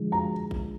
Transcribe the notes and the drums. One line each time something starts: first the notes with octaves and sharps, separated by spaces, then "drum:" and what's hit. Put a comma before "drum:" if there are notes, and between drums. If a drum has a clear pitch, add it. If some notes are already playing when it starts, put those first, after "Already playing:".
Already playing: D3 F3 G#3
A#5
drum: kick A1